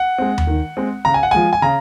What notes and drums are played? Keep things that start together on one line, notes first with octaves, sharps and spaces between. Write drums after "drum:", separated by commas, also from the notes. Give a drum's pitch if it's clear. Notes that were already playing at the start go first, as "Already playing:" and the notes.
Already playing: F#5
G#3 C4
drum: tom D#2
D#3
G#3 C4
C#3 A#5
G#5
F#5
F3 G#3 G#5
G#5
C#3 A#5